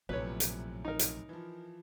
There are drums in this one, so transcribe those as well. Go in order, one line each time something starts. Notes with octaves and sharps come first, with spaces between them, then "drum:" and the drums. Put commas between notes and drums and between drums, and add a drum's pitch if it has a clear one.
A#1 F#2 A2 C3 B4 C#5
drum: hi-hat
D#4 A#4
drum: hi-hat
E3 F3